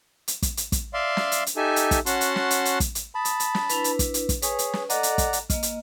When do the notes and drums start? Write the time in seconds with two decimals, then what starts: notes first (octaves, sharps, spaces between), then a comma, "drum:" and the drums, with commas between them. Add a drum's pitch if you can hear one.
0.28 drum: hi-hat
0.42 drum: kick, hi-hat
0.57 drum: hi-hat
0.72 drum: kick, hi-hat
0.94 D5 E5 F5 C6
1.17 drum: snare
1.32 drum: hi-hat
1.46 drum: hi-hat
1.57 D#4 G4 A4 E5 G#5
1.76 drum: hi-hat
1.91 drum: kick, hi-hat
2.06 C#4 F#4 F#5 A5 C6, drum: hi-hat
2.21 drum: hi-hat
2.36 drum: snare
2.51 drum: hi-hat
2.65 drum: hi-hat
2.80 drum: kick, hi-hat
2.95 drum: hi-hat
3.15 A5 B5 D#6
3.25 drum: hi-hat
3.40 drum: hi-hat
3.55 drum: snare
3.69 D4 E4 B4, drum: hi-hat
3.84 drum: hi-hat
3.99 drum: kick, hi-hat
4.14 drum: hi-hat
4.29 drum: kick, hi-hat
4.42 G#4 B4 C#5, drum: hi-hat
4.59 drum: hi-hat
4.73 drum: snare
4.90 A4 D5 D#5 F#5 A#5, drum: hi-hat
5.03 drum: hi-hat
5.18 drum: kick, hi-hat
5.33 drum: hi-hat
5.50 A#3 D#5 F6, drum: kick, hi-hat
5.63 drum: hi-hat